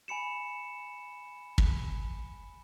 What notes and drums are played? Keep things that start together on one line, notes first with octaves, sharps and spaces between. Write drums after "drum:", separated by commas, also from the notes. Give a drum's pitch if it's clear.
G#5 B5 C#7 E7
drum: kick